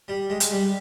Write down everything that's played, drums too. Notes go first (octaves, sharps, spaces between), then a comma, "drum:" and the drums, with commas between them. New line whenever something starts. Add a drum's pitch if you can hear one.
G3
G#3
G#3, drum: hi-hat
G3